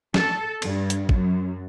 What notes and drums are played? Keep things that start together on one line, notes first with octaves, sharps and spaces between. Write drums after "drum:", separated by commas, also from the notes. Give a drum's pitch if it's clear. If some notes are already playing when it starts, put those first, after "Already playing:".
A4, drum: snare
G2, drum: cymbal
drum: hi-hat
F#2, drum: kick